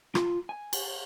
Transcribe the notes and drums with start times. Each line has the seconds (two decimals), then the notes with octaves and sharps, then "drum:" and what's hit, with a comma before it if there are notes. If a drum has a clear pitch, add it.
0.15 F4, drum: rim click
0.49 G#5
0.73 drum: cymbal